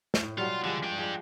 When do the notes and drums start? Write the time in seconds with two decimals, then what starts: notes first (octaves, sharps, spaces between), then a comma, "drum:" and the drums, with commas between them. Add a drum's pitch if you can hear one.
0.14 drum: snare
0.23 A2
0.38 B2 F#3 G3 F4
0.64 D3 F3 G3 G#3
0.83 D4 G5
0.98 F3 G#3